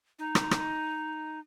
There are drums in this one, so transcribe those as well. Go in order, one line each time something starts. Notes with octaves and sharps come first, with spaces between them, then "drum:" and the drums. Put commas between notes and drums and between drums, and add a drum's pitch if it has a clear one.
D#4
drum: rim click
drum: rim click